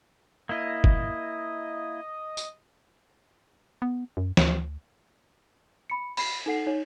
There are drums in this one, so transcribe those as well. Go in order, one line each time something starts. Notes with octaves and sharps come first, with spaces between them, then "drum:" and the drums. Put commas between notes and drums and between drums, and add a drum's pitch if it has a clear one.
A#3 E4 D#5
drum: kick
drum: tambourine
B3
F#2
D2, drum: snare
B5 C#7
B5 C7, drum: cymbal
D#4 A4 F#5 C7
D#4 C#5